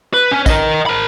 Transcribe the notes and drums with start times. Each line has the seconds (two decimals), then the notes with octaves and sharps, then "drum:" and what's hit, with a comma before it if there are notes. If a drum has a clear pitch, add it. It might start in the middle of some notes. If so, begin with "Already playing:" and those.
0.14 B4
0.31 C#4
0.46 A#4 D#5, drum: kick, tambourine
0.86 A#4 B5